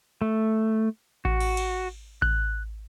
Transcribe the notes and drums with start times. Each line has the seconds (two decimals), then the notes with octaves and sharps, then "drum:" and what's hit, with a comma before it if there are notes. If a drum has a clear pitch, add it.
0.22 A3
1.25 F#4, drum: kick A1
1.40 drum: cymbal
1.57 drum: cymbal
2.22 F#6, drum: kick A1